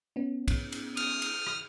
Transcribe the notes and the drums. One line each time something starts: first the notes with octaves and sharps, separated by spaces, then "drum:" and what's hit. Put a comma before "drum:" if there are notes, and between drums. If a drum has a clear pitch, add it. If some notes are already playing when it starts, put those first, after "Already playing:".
B3 C#4
drum: kick, cymbal
drum: cymbal
D#6 F6, drum: cymbal
drum: cymbal
drum: rim click